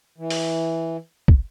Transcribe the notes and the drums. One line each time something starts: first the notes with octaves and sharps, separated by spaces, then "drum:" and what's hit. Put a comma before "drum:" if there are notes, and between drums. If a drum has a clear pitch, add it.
E3
drum: open hi-hat
drum: kick